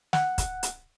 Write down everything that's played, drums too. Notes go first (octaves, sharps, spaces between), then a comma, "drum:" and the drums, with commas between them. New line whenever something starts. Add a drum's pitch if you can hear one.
F#5, drum: snare
drum: kick, hi-hat
drum: hi-hat